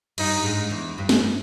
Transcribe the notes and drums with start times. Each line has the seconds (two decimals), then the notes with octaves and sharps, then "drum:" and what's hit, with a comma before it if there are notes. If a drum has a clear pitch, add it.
0.18 G2 D#4, drum: cymbal
0.44 G#2
0.71 E2
0.98 G2
1.09 drum: snare